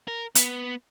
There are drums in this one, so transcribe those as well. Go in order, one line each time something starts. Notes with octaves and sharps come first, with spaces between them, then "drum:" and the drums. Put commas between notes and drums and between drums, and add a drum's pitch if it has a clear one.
A#4
B3, drum: hi-hat